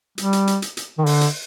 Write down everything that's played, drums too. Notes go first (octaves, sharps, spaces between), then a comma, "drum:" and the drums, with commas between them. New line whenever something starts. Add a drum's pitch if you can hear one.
G3, drum: hi-hat
drum: hi-hat
drum: hi-hat
drum: hi-hat
drum: hi-hat
D#3
D3, drum: open hi-hat
drum: hi-hat